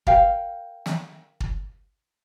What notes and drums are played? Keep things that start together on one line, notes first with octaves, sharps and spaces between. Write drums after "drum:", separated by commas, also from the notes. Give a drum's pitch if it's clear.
A#4 F5 G5, drum: kick
drum: snare
drum: kick